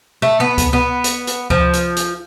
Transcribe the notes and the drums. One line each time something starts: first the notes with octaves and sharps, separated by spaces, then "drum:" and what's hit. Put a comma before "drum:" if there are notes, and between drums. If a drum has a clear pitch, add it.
A3
B3
drum: kick C#2, hi-hat
B3
drum: hi-hat
drum: hi-hat
F3, drum: kick C#2
drum: hi-hat
drum: hi-hat